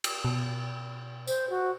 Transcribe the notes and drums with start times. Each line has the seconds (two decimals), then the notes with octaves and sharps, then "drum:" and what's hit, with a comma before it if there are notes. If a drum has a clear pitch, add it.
0.04 drum: cymbal
0.25 B2
1.27 C5, drum: tambourine
1.50 F#4